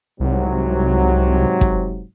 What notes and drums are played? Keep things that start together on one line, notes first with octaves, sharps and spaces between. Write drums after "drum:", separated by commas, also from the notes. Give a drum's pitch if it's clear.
C2 G#2 C3 F#3
drum: kick